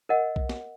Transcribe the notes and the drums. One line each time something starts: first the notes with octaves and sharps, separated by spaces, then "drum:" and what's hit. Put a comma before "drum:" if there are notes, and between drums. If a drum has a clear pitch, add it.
A#4 D#5 F#5
drum: kick
drum: snare